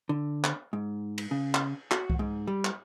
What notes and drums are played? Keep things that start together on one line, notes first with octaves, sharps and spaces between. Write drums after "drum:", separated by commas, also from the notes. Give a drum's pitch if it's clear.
D3
drum: clap
G#2
drum: cymbal
C#3
drum: clap
F#4, drum: clap
drum: kick C2
G#2
G3
drum: clap